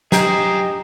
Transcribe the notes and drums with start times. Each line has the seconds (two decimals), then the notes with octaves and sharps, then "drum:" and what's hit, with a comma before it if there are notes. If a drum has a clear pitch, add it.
0.12 G4 G#4 C5 D#5 G5 A#5, drum: snare